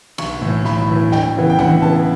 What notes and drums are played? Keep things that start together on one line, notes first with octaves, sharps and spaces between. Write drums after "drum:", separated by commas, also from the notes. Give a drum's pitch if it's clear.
B1 C#6, drum: cymbal
A2 E3
B1 B5, drum: snare
A2 E3
D2 G5, drum: snare
C#3 E3 B3
G5
D2 F#5, drum: tom D#3
C#3 E3 B3 A5